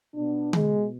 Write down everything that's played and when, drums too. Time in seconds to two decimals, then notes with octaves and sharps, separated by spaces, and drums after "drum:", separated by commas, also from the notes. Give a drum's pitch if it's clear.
0.14 B2 B3 D4
0.53 G#3, drum: tom D3